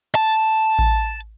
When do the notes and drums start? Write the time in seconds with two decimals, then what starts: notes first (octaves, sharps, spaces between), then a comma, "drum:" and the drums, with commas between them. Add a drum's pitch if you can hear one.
0.15 A5
0.79 drum: kick A1